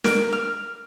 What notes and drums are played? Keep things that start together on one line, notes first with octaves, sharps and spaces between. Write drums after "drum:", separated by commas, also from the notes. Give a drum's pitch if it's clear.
A#4, drum: snare
F6